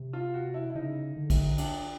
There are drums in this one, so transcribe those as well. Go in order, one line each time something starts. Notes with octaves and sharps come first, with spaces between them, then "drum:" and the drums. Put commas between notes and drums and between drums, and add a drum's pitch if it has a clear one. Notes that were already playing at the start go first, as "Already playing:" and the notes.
Already playing: C3
F4
F#4
E4
E4
C#3 D#4
D3
drum: kick, cymbal
D4, drum: cymbal